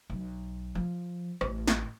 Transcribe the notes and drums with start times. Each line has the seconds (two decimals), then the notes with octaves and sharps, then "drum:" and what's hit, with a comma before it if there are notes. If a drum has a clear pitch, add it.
0.10 B1
0.75 F3
1.41 A1, drum: rim click
1.68 drum: snare